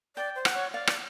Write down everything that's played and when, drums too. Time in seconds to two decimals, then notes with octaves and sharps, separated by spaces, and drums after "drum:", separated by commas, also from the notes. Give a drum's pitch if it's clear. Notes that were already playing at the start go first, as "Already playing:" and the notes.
0.16 D5 G5
0.36 C5
0.45 F#5, drum: rim click
0.54 C#5
0.73 D5 F5
0.87 drum: rim click